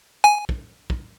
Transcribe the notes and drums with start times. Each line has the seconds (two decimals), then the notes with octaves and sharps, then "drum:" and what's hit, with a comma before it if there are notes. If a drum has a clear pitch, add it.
0.24 G#5
0.49 drum: kick
0.90 drum: kick